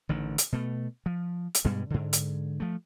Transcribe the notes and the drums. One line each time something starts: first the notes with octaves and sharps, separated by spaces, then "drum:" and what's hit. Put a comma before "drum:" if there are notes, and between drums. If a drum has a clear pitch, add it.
A1 D3 D#3
drum: hi-hat
B2 A3
F3
drum: hi-hat
G2 B2 G3 G#3
G#2 D3
drum: hi-hat
F3 A3